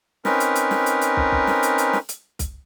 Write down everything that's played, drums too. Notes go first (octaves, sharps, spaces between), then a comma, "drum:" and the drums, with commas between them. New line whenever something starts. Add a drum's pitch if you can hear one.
C4 C#4 D#4 A#4 B4, drum: snare
drum: hi-hat
drum: hi-hat
drum: snare
drum: hi-hat
drum: hi-hat
drum: kick
drum: kick
drum: snare
drum: hi-hat
drum: hi-hat
drum: snare
drum: hi-hat
drum: kick, hi-hat